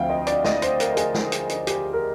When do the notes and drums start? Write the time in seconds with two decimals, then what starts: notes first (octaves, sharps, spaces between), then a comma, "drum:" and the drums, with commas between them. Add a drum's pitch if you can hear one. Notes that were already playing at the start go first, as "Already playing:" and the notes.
Already playing: D2 D3 F3 C4 F5 G5
0.10 D#5
0.27 D5, drum: hi-hat
0.44 D#5, drum: snare
0.62 C5, drum: hi-hat
0.80 A#4, drum: hi-hat
0.92 A#4
0.97 G#4, drum: hi-hat
1.14 drum: snare
1.32 drum: hi-hat
1.49 drum: hi-hat
1.67 G4, drum: hi-hat
1.93 A#4